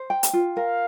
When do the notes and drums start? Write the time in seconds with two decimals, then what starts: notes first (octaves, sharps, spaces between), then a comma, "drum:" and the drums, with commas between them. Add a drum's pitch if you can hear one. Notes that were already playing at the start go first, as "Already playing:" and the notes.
Already playing: C5
0.10 G5
0.23 drum: hi-hat
0.33 F4
0.57 A#4 F5